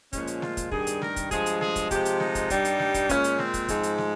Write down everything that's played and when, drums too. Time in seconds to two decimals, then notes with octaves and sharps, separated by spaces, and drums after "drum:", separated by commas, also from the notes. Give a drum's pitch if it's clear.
0.13 A#2 F3 G#3 C#4, drum: kick, hi-hat
0.27 drum: hi-hat
0.42 F4, drum: snare
0.57 drum: kick, hi-hat
0.71 G2 D#3 G3 G#4, drum: kick
0.87 drum: hi-hat
1.02 A#4, drum: snare
1.16 drum: kick, hi-hat
1.31 G2 F3 G#3 G#4, drum: kick, hi-hat
1.46 drum: hi-hat
1.61 G#4, drum: snare
1.76 drum: kick, hi-hat
1.91 C3 F3 G#3 G4, drum: kick, hi-hat
2.05 drum: hi-hat
2.20 D#4, drum: snare
2.35 drum: kick, hi-hat
2.50 G2 G3, drum: kick, hi-hat
2.65 drum: hi-hat
2.80 drum: snare
2.94 drum: kick, hi-hat
3.09 A#2 G#3 C#4, drum: kick, hi-hat
3.24 drum: hi-hat
3.39 C4, drum: snare
3.54 drum: kick, hi-hat
3.68 G#2 F3 G#3, drum: kick, hi-hat
3.83 drum: hi-hat
3.98 drum: snare